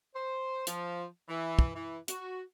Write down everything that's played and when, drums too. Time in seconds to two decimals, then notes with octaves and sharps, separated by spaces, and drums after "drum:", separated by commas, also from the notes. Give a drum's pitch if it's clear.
0.15 C5
0.67 F3, drum: hi-hat
1.29 E3
1.59 drum: kick
1.76 E3
2.08 F#4, drum: hi-hat